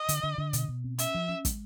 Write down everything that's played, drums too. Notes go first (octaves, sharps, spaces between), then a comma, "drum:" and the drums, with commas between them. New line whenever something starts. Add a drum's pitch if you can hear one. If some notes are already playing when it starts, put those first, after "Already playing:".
Already playing: D#5
D3, drum: hi-hat
D3
D3
B2, drum: hi-hat
B2
C4
C#4 E5, drum: hi-hat
F3
C#4
G#3, drum: kick, hi-hat